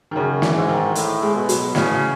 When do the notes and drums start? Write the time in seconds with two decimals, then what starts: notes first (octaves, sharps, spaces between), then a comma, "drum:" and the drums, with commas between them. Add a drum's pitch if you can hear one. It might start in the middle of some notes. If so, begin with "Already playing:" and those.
0.11 D#3
0.15 F#2 C#3
0.42 E3, drum: snare
0.55 G#2
0.69 D#3
0.95 A2, drum: hi-hat
1.22 G#3
1.35 B2
1.49 F#3, drum: hi-hat
1.75 A2 C#3, drum: snare